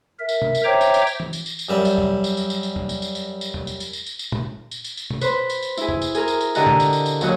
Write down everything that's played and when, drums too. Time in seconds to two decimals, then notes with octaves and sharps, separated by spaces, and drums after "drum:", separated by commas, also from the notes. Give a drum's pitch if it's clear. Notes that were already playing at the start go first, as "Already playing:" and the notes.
0.20 A#4 E5
0.29 drum: tambourine
0.42 drum: tom B2
0.55 drum: tambourine
0.64 C5 C#5 E5 G5 A#5 D6
0.81 drum: tambourine
0.94 drum: tambourine
1.07 drum: tambourine
1.20 drum: tom E3
1.33 drum: tambourine
1.46 drum: tambourine
1.59 drum: tambourine
1.69 F#2 G3 E5
1.85 drum: tambourine
1.98 drum: tom E2
2.24 drum: tambourine
2.37 drum: tambourine
2.50 drum: tambourine
2.63 drum: tambourine
2.76 drum: tom E2
2.89 drum: tambourine
3.02 drum: tambourine
3.15 drum: tambourine
3.41 drum: tambourine
3.54 drum: tom E2
3.67 drum: tambourine
3.80 drum: tambourine
3.93 drum: tambourine
4.06 drum: tambourine
4.19 drum: tambourine
4.32 drum: tom A#2
4.71 drum: tambourine
4.84 drum: tambourine
4.97 drum: tambourine
5.10 drum: tom B2
5.21 B4 C5, drum: tambourine
5.50 drum: tambourine
5.63 drum: tambourine
5.77 E4 G#4, drum: tambourine
5.89 drum: tom E2
6.02 drum: tambourine
6.15 G#4 A#4, drum: tambourine
6.28 drum: tambourine
6.41 drum: tambourine
6.55 D3 G4 D#5 F#5 A#5, drum: tambourine
6.67 drum: tom A#2
6.80 drum: tambourine
6.93 drum: tambourine
7.06 drum: tambourine
7.21 D#2 F#3 D#5 F#5, drum: tambourine